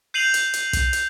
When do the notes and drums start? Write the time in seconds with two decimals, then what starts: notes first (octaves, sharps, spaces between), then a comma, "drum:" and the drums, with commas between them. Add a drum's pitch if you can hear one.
0.14 G6 C7 D#7 F7 F#7
0.34 drum: hi-hat
0.54 drum: hi-hat
0.73 drum: kick, hi-hat
0.93 drum: hi-hat